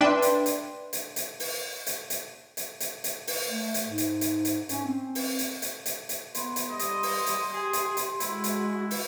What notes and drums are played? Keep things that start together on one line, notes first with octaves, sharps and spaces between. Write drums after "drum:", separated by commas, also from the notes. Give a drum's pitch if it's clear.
D4 B4 D5 E5 G5 C6
drum: hi-hat
drum: hi-hat
drum: hi-hat
drum: hi-hat
drum: open hi-hat
drum: hi-hat
drum: hi-hat
drum: hi-hat
drum: hi-hat
drum: hi-hat
drum: open hi-hat
A3
drum: hi-hat
G#2
drum: hi-hat
drum: hi-hat
drum: hi-hat
C#4, drum: hi-hat
C4
drum: open hi-hat
drum: hi-hat
drum: hi-hat
drum: hi-hat
drum: hi-hat
B3 C6, drum: hi-hat
drum: hi-hat
G3 D#5
drum: hi-hat
drum: open hi-hat
drum: hi-hat
G4 G#4
drum: hi-hat
drum: hi-hat
G#3 E4 F#4, drum: hi-hat
drum: hi-hat
drum: open hi-hat